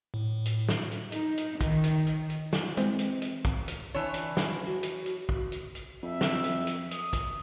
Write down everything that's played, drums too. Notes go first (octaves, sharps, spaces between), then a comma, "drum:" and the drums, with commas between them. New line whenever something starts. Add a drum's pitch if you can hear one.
A2
drum: hi-hat
drum: snare
drum: hi-hat
D#4, drum: hi-hat
drum: hi-hat
D#3, drum: kick, hi-hat
drum: hi-hat
drum: hi-hat
drum: hi-hat
drum: snare
E3 G#3 C4, drum: hi-hat
drum: hi-hat
drum: hi-hat
drum: kick, hi-hat
drum: hi-hat
E3 D4 C#5
drum: hi-hat
drum: snare
F#4
drum: hi-hat
drum: hi-hat
drum: kick
drum: hi-hat
drum: hi-hat
F2 E5
drum: snare
drum: hi-hat
drum: hi-hat
D#6, drum: hi-hat
drum: kick, hi-hat